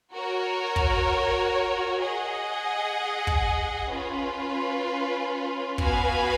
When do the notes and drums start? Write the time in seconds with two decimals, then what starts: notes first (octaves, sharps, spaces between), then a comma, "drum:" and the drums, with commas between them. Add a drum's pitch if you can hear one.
0.13 F#4 A#4 C#5
0.76 drum: kick
2.02 G#4 D#5 F#5
3.27 drum: kick
3.90 C#4 F4 B4
5.78 B3 F#4 B4 F5 G#5, drum: kick